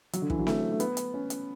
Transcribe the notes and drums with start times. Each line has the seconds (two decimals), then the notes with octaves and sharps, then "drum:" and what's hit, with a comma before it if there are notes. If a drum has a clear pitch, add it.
0.13 F#3, drum: hi-hat
0.22 D3
0.30 E3, drum: kick
0.38 F#3
0.47 A3, drum: snare C4
0.72 A3
0.80 B3, drum: hi-hat
0.97 drum: hi-hat
1.14 C#4
1.30 drum: hi-hat